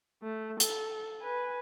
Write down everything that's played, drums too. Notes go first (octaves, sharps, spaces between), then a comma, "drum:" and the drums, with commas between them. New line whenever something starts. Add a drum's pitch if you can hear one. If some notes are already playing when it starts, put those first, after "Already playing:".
A3
A4, drum: hi-hat
B4 G#5